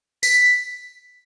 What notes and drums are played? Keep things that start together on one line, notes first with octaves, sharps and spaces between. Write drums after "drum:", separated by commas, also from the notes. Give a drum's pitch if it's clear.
B6, drum: tambourine